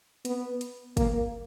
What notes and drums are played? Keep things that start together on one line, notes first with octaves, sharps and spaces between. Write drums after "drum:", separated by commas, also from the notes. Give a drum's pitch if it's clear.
B3, drum: hi-hat
drum: hi-hat
A#3, drum: kick, hi-hat